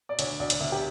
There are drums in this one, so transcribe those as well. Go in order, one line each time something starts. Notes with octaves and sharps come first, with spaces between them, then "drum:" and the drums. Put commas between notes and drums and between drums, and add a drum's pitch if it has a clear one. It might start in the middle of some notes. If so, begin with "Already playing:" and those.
D5
D2 C#5, drum: hi-hat
D2 D5
drum: hi-hat
D2 E5
G4